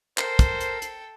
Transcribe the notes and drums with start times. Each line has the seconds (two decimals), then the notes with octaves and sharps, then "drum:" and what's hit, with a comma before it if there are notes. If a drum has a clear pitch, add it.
0.18 A4 A#4 C5 G5 C7, drum: clap
0.39 drum: kick, hi-hat
0.61 drum: hi-hat
0.82 drum: hi-hat